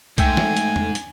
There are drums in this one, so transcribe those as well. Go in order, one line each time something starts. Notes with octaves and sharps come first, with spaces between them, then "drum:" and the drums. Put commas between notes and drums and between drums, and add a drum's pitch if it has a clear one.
G#2 A3 E5 G5 G#5, drum: kick C2, hi-hat
drum: snare
drum: hi-hat
drum: tom E2
drum: hi-hat